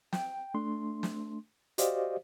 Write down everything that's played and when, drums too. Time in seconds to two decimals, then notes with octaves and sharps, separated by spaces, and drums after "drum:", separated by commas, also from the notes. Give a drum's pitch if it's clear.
0.13 G5, drum: snare
0.54 A3 D4 C6
1.03 drum: snare
1.78 F#4 G4 C5 D5 D#5 F5, drum: hi-hat